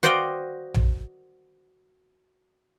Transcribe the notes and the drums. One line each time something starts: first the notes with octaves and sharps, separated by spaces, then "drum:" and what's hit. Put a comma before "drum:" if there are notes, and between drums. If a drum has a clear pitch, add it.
F#4 C5 D5 D#5 F5 G5
drum: tom A#1